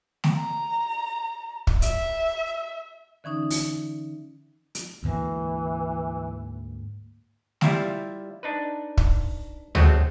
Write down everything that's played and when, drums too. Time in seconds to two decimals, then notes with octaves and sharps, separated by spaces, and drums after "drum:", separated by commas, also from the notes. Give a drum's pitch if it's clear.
0.24 drum: snare A3
0.37 A#5
1.67 drum: kick
1.82 E5, drum: hi-hat
3.24 D3 E3 C#4 D#4
3.50 drum: open hi-hat
4.75 drum: hi-hat
5.03 D2 G#2 E3 A#3
7.61 G3 E4 F4 E5 F5 A#5, drum: snare A3
8.43 D4 D#4 B4
8.97 drum: kick
9.75 F#3 G#3 A3 C4 F#4, drum: tom D2